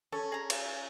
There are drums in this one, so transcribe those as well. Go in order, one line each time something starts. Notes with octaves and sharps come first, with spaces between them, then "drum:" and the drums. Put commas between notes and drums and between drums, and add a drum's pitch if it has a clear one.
C#4 A4
G#4 A#5
drum: cymbal